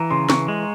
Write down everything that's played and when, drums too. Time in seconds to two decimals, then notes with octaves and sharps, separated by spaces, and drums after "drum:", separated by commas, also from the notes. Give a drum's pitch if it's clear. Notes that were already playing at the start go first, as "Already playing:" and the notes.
Already playing: E3 A#5
0.10 C#3 C6
0.30 E3 C#6, drum: snare
0.48 G#3